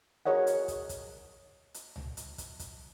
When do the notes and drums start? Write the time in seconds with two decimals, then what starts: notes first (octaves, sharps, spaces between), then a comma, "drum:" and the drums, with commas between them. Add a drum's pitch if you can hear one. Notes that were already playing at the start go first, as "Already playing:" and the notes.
0.26 F#4 G#4 A#4 C#5 D#5 F#5
0.47 drum: hi-hat
0.68 drum: kick, hi-hat
0.89 drum: kick, hi-hat
1.74 drum: hi-hat
1.96 drum: tom C2
2.17 drum: hi-hat
2.38 drum: kick, hi-hat
2.59 drum: kick, hi-hat